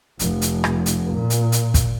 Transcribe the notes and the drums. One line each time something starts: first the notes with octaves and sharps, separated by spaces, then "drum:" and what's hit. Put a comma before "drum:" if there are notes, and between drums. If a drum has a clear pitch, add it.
F1, drum: hi-hat
drum: hi-hat
drum: rim click
drum: hi-hat
A#2
drum: hi-hat
drum: hi-hat
drum: kick, hi-hat